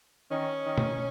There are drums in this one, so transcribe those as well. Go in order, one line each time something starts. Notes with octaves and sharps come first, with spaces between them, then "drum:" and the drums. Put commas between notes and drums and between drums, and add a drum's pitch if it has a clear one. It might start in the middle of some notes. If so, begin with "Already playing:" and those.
D#3 C#4
D#3
drum: tom B2